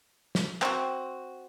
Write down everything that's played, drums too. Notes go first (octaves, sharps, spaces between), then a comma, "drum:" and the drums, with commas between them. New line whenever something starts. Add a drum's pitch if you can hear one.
drum: snare
C4 F#4, drum: clap